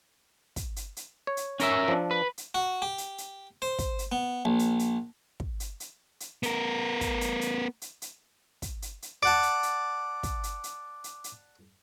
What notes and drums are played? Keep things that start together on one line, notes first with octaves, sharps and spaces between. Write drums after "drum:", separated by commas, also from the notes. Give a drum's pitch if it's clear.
drum: kick, hi-hat
drum: hi-hat
drum: hi-hat
C#5
drum: hi-hat
C#4 A#4 E5, drum: hi-hat
F3 D4
B4
drum: hi-hat
F#4
G4
drum: hi-hat
drum: hi-hat
C5
drum: kick, hi-hat
drum: hi-hat
B3
A#1
drum: hi-hat
drum: hi-hat
drum: kick
drum: hi-hat
drum: hi-hat
drum: hi-hat
B3 A#4, drum: hi-hat
drum: kick, hi-hat
drum: hi-hat
drum: hi-hat
drum: hi-hat
drum: hi-hat
drum: kick, hi-hat
drum: hi-hat
drum: hi-hat
D5 F#5 A5 D6
drum: hi-hat
drum: hi-hat
drum: kick, hi-hat
drum: hi-hat
drum: hi-hat
drum: hi-hat
drum: hi-hat